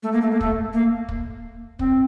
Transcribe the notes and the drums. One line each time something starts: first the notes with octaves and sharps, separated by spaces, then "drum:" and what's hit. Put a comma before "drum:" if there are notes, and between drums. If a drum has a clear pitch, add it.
A3
A#3
A3
A#3
A3, drum: kick
A#3
drum: kick
C4, drum: kick